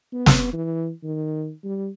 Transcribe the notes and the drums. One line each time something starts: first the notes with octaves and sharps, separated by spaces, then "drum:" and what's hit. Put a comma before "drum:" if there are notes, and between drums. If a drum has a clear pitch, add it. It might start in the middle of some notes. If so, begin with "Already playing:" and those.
B3
drum: snare
E3
D#3
G3